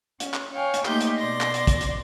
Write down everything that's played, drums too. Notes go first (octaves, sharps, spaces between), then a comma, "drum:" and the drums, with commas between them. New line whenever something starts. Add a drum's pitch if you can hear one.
C#4, drum: hi-hat
drum: clap
C#5 F5 G5 G#5
drum: hi-hat
A3 A#3 D#4 G4 C6 G6, drum: clap
drum: hi-hat
B2 D5 C6 A#6
drum: clap
drum: hi-hat
drum: kick, hi-hat
drum: hi-hat